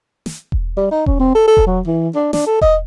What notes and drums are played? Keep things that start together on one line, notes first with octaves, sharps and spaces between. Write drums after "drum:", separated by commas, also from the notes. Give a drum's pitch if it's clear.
drum: snare
drum: kick E1
G3
D#4
C#4, drum: kick E1
C4
A4
A4
drum: kick E1
F#3
E3
D4
D4, drum: snare
A4
D#5, drum: kick E1